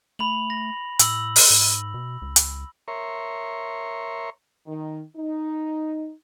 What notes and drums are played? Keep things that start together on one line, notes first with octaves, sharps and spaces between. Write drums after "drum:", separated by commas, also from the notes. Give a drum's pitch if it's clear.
A3 B5 F7 F#7
A#6
A2 E6 F#7, drum: hi-hat
drum: open hi-hat
G#2
B2
C#2
drum: hi-hat
A#4 C#5 E5 A#5 C6 C#6
D#3
D#4